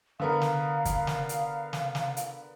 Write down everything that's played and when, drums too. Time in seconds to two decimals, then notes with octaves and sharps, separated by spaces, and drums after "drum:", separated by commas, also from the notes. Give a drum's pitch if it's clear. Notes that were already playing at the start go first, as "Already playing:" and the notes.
0.20 D3 B3 A#4 F5
0.42 drum: snare
0.85 drum: kick, hi-hat
1.07 drum: snare
1.29 drum: hi-hat
1.73 drum: snare
1.95 drum: snare
2.17 drum: hi-hat